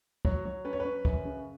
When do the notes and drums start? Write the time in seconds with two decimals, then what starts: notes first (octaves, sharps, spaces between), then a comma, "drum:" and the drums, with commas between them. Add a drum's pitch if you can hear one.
0.25 F#3 C#5, drum: kick
0.45 F#3 C#5
0.65 C#4 B4
0.73 C#5
0.80 B4
0.85 C#4
1.05 F#2, drum: kick
1.25 C#3